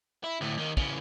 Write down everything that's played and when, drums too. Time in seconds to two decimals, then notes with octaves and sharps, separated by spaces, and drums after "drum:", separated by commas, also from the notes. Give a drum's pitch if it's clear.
0.24 E4
0.41 D2 A2
0.58 D#2 D#3
0.77 C#3 E3, drum: kick